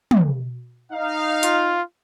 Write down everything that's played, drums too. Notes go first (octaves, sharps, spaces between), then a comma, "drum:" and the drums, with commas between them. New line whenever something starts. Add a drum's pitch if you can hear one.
drum: tom
D#4 F5
F4, drum: hi-hat